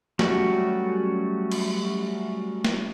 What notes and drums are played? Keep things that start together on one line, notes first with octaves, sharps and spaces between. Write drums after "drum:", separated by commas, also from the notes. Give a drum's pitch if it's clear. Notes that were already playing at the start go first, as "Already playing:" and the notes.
F#3 G3 A3 C#4 F#4, drum: snare
drum: cymbal
drum: snare